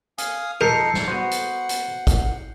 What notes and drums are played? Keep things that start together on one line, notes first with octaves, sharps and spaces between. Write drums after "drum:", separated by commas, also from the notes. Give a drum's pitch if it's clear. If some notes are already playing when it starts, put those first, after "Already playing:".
F5 G#5 D#6, drum: hi-hat
F2 D#4 A4 A#4 G6 C7 C#7
drum: snare
B3 F#4 C5 F#5
drum: hi-hat
drum: hi-hat
drum: kick, hi-hat